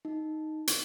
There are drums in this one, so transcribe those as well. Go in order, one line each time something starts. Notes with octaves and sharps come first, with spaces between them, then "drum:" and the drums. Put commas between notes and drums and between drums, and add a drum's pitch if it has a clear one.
D#4
drum: hi-hat